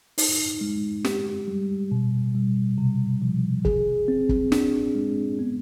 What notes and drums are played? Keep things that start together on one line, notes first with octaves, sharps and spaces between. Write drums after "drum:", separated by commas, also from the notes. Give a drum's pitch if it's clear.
D#4, drum: open hi-hat
G#3
G4, drum: snare
G3
B2
G3
C3
F3
G#4, drum: kick
C4
drum: kick
D4, drum: snare
G#3
B3